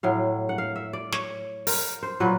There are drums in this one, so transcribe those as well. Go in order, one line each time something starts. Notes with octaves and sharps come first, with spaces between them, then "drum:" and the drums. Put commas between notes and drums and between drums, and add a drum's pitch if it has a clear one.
A2 F#3 F5
F#5
F5
E5
D5
C#5, drum: snare
A#4, drum: open hi-hat
C5
A#2 F#3 B4